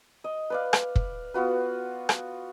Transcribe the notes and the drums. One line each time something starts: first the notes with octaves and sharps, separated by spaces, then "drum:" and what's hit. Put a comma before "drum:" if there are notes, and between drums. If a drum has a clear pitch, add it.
D#5
B4 D5 F5
drum: rim click
drum: kick
B3 F4 F#4 B4
drum: rim click